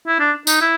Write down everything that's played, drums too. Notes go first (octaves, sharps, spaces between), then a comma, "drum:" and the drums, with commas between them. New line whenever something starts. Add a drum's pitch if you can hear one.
E4
D4
D#4, drum: tambourine
E4